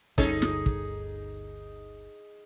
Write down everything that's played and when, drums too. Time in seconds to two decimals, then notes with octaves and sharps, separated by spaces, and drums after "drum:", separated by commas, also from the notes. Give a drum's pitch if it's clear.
0.18 G1 D2 G2 C#4 D#4 G#4 A4, drum: kick
0.42 drum: snare
0.66 drum: kick